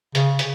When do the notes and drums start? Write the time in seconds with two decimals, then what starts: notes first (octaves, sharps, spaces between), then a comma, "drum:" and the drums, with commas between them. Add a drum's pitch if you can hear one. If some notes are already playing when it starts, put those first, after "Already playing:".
0.15 C#3, drum: hi-hat
0.39 drum: hi-hat